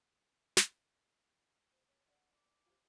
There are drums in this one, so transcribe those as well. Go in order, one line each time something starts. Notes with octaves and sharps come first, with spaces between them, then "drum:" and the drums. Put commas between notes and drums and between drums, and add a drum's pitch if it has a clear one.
drum: snare
C5
C#5
D5 F#5
D6
F4 G4 C5